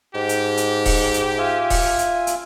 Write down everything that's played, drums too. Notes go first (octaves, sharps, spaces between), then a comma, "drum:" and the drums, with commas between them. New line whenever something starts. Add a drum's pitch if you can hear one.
G#2 G4
drum: hi-hat
drum: hi-hat
drum: kick D#1, open hi-hat
drum: hi-hat
F4 E5 G#5
drum: kick D#1, open hi-hat
drum: hi-hat
drum: hi-hat